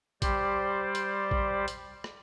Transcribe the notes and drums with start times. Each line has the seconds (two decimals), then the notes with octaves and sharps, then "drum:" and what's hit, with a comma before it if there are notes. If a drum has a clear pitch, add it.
0.22 G3 G4 C5 D5, drum: kick A#1, hi-hat
0.95 drum: hi-hat
1.31 drum: kick A#1
1.68 drum: hi-hat
2.04 drum: rim click